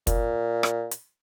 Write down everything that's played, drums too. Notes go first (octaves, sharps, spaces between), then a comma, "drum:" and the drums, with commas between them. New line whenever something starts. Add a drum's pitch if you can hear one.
A#2, drum: kick, hi-hat
drum: rim click
drum: hi-hat